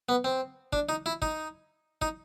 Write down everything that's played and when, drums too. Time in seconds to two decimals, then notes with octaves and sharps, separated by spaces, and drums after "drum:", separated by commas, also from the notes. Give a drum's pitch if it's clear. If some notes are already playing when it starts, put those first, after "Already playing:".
0.09 B3
0.24 C4
0.73 D4, drum: kick
0.89 D#4
1.06 E4
1.22 D#4, drum: kick
2.02 D#4, drum: kick